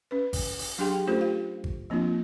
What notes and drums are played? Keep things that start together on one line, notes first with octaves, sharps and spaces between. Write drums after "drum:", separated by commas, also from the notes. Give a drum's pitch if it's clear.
C#4 B4
drum: kick G#1, open hi-hat
drum: open hi-hat
F#3 D4 G4 G#4 G5 C6
A3 C#4 F4 G4 A4 C5
F5
drum: kick G#1
F3 A#3 C4 D4 F4